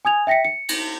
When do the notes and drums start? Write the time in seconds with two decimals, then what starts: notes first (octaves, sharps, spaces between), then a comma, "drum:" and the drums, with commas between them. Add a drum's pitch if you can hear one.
0.05 G#5 D#6 G#6 F7
0.27 E5 G5 A#6 B6 C#7
0.45 C#7
0.69 drum: cymbal